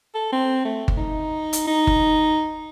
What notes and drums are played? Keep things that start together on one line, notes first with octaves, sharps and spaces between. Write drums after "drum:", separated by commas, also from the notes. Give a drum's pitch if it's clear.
A4
C4
A3
drum: kick G1
D#4
drum: hi-hat
D#4
drum: kick G1